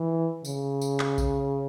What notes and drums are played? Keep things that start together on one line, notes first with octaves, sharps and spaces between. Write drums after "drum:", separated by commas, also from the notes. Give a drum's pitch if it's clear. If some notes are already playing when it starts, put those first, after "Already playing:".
Already playing: E3
C#3, drum: tambourine
drum: tambourine
drum: clap
drum: kick A#1, tambourine